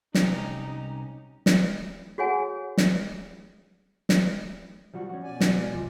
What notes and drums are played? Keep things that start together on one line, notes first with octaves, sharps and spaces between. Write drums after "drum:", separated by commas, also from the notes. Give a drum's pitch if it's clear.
C2 C#4 D#4 G4 A#5, drum: snare
drum: snare
F#4 G#4 C#5 F#5 G#5
drum: snare
drum: snare
F3 G3 F#4
C#4 F#4
B2 D5 G#5
drum: snare
C2 F2 F3